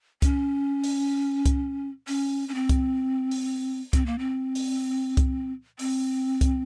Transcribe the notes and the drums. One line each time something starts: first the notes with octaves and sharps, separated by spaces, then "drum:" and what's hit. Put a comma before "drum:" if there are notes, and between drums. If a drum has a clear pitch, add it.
C#4, drum: kick C2, hi-hat
drum: open hi-hat
drum: kick C2, hi-hat
C#4, drum: open hi-hat
C#4
C4
drum: kick C2, hi-hat
drum: open hi-hat
C4, drum: kick C2, hi-hat
A#3
C4
drum: open hi-hat
drum: kick C2, hi-hat
C4, drum: open hi-hat
drum: kick C2, hi-hat